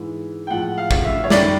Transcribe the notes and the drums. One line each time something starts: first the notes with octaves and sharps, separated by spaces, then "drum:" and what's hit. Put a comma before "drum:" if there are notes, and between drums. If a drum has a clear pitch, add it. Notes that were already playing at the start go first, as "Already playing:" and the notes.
Already playing: G#2 E3 G#3
G5
A2 F3 G#3 F#5
F5
drum: kick
E5
C#5
F#2 D#3 G3 D5, drum: snare